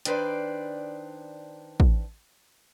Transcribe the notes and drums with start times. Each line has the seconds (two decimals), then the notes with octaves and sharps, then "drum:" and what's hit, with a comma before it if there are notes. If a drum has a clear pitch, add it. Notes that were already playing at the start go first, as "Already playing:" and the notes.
0.05 D#3 D4 B4 C5 D5, drum: hi-hat
1.80 drum: kick